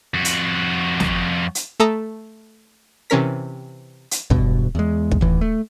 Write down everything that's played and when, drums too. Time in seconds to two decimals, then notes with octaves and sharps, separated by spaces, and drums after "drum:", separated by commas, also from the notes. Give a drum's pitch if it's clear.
0.14 F2 F#4
0.25 drum: hi-hat
1.00 drum: snare
1.55 drum: hi-hat
1.80 A3 A4 A#5 D#6
3.10 C3 E3 C#4 A#4 B6
4.11 drum: hi-hat
4.30 E1 G2 B2, drum: kick
4.75 E2 G#3
5.12 drum: kick
5.21 A1 D#2 E3
5.41 A3